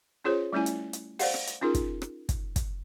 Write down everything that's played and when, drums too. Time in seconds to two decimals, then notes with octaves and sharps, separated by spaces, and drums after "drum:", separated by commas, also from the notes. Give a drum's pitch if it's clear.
0.24 C#4 F4 G#4 C5 C#5
0.53 G3 A3 C#4 E4 G#5
0.66 drum: hi-hat
0.93 drum: hi-hat
1.19 C5 D5 F5 F#5, drum: open hi-hat
1.34 drum: rim click
1.47 drum: hi-hat
1.61 C#4 D#4 F4 G#4 A#4
1.75 drum: kick, hi-hat
2.02 drum: rim click
2.29 drum: kick, hi-hat
2.56 drum: kick, hi-hat